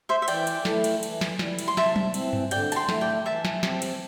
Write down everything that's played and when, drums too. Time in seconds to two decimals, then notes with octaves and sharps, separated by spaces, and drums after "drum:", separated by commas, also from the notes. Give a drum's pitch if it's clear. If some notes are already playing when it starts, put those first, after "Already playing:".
0.09 C5 E5
0.22 E5
0.28 E3 D5 G5, drum: cymbal
0.47 drum: cymbal
0.65 A3 E4 A4, drum: snare
0.84 drum: cymbal
1.03 E3, drum: cymbal
1.21 drum: snare
1.39 G3 E4, drum: snare
1.59 drum: cymbal
1.68 C6
1.77 C3 E5 A5, drum: snare
1.96 drum: tom F#3
2.14 E3 C4, drum: cymbal
2.33 drum: tom G2
2.51 D3 D5 G5, drum: cymbal
2.72 A5, drum: cymbal
2.76 G5 C6
2.89 A3 E4 A4, drum: snare
3.01 D5 G5
3.26 E3 E5 A5
3.45 drum: snare
3.63 C4 G4, drum: snare
3.82 drum: cymbal